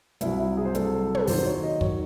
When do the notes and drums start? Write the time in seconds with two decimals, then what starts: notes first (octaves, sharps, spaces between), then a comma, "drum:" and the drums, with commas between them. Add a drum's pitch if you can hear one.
0.21 C2 C3 F#3 E4, drum: hi-hat
0.40 E4
0.57 G#4
0.65 C5
0.75 C2 C3 F#3 A4, drum: hi-hat
1.15 drum: tom
1.27 D#2 D#3 F#3 C5, drum: open hi-hat
1.46 C#5
1.63 D#5
1.81 D#3 F#3 C#5, drum: kick